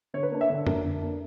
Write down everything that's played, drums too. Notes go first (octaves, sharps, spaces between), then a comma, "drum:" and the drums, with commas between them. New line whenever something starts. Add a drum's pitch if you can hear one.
D3 C#5
B4
A#3 D4
E5
D3
A#3 D4, drum: tom F2
D3
A#3 D4